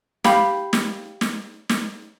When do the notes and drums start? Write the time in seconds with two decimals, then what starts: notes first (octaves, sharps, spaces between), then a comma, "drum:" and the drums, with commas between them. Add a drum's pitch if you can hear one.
0.24 G4 F5 B5, drum: snare
0.73 drum: snare
1.21 drum: snare
1.69 drum: snare